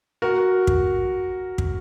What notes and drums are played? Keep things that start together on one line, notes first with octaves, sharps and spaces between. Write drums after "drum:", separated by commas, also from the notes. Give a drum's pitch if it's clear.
F#4 A#4
drum: kick
drum: kick